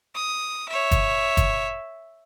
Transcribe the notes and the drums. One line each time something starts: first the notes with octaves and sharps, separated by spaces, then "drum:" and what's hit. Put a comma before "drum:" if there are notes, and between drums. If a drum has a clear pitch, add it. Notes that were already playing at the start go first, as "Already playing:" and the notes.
D#6
C#5 E5
drum: kick, hi-hat
drum: kick, hi-hat